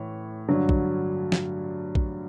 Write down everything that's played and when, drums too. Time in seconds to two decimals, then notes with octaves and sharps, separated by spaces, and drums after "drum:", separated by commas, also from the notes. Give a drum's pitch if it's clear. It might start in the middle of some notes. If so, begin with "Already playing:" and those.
Already playing: A2 E3 C#5
0.48 G2 D3 F#3
0.69 drum: kick A#1
1.32 drum: snare
1.95 drum: kick A#1